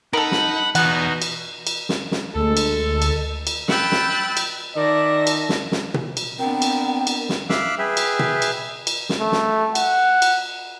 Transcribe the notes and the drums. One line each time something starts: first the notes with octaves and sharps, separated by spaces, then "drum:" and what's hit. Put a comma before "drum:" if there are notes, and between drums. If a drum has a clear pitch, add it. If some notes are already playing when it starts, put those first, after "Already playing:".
D#4 A4 A#4 F#5 B5
drum: snare
E2 B2 B3 D#4 F#5, drum: cymbal
drum: cymbal
drum: cymbal
drum: snare
drum: snare
D2 G#3 A4
drum: cymbal
drum: cymbal
drum: cymbal
G5 B5 E6 F#6 A6, drum: snare
drum: snare
drum: cymbal
D#3 D5 E5 A5 A#6
drum: cymbal
drum: snare
drum: snare
drum: tom B2
drum: cymbal
B3 C4 D4 A#4 G5
drum: cymbal
drum: cymbal
drum: snare
E5 F5 D6 E6 F#6, drum: snare
G#4 B4 E5 G5
drum: cymbal
drum: tom B2
drum: cymbal
drum: cymbal
drum: snare
A3
drum: snare
F#5, drum: cymbal
drum: cymbal